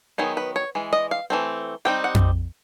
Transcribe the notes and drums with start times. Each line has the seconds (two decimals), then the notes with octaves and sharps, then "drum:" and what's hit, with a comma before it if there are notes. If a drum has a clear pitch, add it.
0.18 D#3 F#3 B3 D#4 G#4
0.37 B4
0.56 C#5
0.75 E3 G#3
0.93 D#5
1.11 F5
1.30 E3 A3 C4
1.85 G3 C4 D#4 G5
2.04 F#5
2.15 drum: tom F2